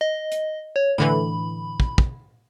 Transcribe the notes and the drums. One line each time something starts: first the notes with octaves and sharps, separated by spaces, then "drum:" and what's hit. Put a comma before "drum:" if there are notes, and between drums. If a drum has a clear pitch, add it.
D#5
drum: hi-hat
C#5
A2 D3 E3 B5
drum: kick
drum: kick